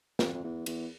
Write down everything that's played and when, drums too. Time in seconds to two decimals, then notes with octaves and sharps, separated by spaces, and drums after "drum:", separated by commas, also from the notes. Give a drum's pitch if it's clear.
0.19 F2, drum: snare
0.34 F2
0.44 E2
0.66 E2, drum: cymbal